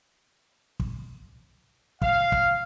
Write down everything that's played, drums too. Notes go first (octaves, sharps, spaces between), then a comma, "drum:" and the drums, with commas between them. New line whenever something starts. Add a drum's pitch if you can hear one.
drum: kick
F5, drum: kick
drum: kick